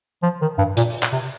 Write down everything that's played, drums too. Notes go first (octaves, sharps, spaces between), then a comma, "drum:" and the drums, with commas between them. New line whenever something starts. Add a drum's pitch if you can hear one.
F3
D#3
G2
A#2, drum: hi-hat
drum: open hi-hat
drum: clap
C3